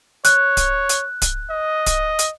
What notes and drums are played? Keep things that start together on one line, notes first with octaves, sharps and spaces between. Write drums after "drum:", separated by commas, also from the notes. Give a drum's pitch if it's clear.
C#5 F#6, drum: hi-hat
drum: kick D1, hi-hat
drum: hi-hat
drum: kick D1, hi-hat
D#5
drum: kick D1, hi-hat
drum: hi-hat